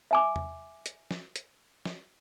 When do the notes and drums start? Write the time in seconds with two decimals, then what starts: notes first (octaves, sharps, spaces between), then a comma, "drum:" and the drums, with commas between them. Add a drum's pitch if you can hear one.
0.11 E5 G#5 D6
0.36 drum: tom E2
0.86 drum: hi-hat
1.11 drum: snare
1.36 drum: hi-hat
1.85 drum: snare